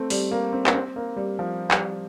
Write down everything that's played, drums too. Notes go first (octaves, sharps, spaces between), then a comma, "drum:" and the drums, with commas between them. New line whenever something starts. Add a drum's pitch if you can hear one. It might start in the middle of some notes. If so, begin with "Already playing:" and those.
Already playing: A3 C4
G3, drum: open hi-hat
A#3
C4
A#3, drum: clap
C4
A#3
G3
F3
G3, drum: clap